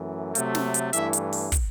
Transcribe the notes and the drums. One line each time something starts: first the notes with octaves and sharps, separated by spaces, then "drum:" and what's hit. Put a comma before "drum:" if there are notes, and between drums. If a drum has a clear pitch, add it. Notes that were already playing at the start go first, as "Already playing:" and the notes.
Already playing: F#2 E3 A3
C3 F#3 A3, drum: hi-hat
drum: snare
drum: hi-hat
G2 E3 A3 E4 E5, drum: hi-hat
drum: hi-hat
drum: open hi-hat
drum: kick, hi-hat